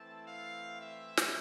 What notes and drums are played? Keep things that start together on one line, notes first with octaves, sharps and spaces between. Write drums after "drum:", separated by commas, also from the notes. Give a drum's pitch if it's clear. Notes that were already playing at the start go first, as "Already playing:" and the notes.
Already playing: E3 A3 C4 E4 A5
F5
E5
drum: snare